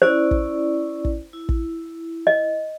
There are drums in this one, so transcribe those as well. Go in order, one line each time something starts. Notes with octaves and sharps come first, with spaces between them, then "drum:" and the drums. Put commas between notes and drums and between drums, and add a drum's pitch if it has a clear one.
C#4 E4 C5 D5
drum: kick
drum: kick
E4
drum: kick
D#5